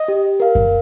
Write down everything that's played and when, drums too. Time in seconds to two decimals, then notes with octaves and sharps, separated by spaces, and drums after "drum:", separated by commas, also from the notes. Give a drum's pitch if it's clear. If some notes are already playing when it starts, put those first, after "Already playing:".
Already playing: D#5
0.08 G4
0.40 A#4 F5
0.55 drum: kick F#2